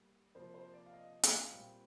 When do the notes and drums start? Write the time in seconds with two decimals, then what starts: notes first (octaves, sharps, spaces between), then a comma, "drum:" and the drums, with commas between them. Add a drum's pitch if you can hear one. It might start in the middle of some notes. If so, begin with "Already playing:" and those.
Already playing: G3 A#3
0.35 C3 F3 A#3 C5
0.54 C5
0.73 D5
0.86 F5
0.93 D#5
1.23 drum: hi-hat
1.38 F5
1.50 A#2 G3 C4 G5